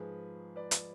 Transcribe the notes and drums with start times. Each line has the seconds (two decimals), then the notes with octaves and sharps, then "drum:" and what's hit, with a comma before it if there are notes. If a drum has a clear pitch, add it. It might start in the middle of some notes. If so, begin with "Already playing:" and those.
Already playing: G#2 F3 G#4 B4
0.56 B4 D5
0.71 drum: hi-hat